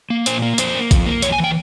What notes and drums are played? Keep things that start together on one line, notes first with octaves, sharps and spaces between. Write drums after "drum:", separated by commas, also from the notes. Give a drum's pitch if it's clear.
A#3
A#2 C5, drum: hi-hat
A#3
F2 C5, drum: hi-hat
A#3
F2, drum: kick A1, hi-hat
A#3
F2 C#5, drum: hi-hat
G#5
E3
G5